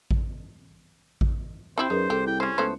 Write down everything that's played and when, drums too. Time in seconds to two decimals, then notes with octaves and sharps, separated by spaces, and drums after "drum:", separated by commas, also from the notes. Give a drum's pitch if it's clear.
0.11 drum: kick A1
1.21 drum: kick A1
1.78 C4 E4 G4 C5
1.90 F#2 D#4 G#4 A#4 B4
2.10 C2 G4 A4
2.27 E4 G5
2.40 G3 C#4 C5
2.58 C#2 A3 B3 C5